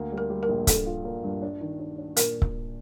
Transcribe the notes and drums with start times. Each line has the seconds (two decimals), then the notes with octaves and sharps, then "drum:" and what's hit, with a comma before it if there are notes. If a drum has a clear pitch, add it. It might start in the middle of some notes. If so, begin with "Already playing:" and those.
Already playing: D2 A#3
0.12 G3
0.18 A#4
0.30 G3
0.43 A#4
0.49 A#1
0.67 G2 A4, drum: kick C#1, hi-hat
0.87 F4
1.05 A#3
1.24 G2
1.42 D4
1.61 D#3
1.80 D4
1.98 D4
2.17 A#2 A#4, drum: hi-hat
2.42 drum: kick C#1